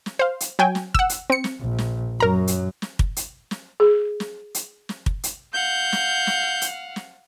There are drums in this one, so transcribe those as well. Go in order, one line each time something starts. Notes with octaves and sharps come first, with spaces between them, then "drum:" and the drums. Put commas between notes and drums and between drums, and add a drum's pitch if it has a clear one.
drum: snare
C5 F5
drum: hi-hat
F#3 G5 G#5
drum: snare
F#5 E6, drum: kick
drum: hi-hat
C4 C#7
drum: snare
A#1
drum: snare
F#2 F#3 A#4 A#5
drum: hi-hat
drum: snare
drum: kick
drum: hi-hat
drum: snare
G#4
drum: snare
drum: hi-hat
drum: snare
drum: kick
drum: hi-hat
F5 F#5 G6
drum: snare
drum: snare
drum: hi-hat
drum: snare